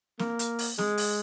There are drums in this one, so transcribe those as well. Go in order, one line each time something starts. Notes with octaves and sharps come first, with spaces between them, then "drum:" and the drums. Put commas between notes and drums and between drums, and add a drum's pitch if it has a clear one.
A#3, drum: snare
drum: hi-hat
drum: open hi-hat
G#3, drum: snare
drum: open hi-hat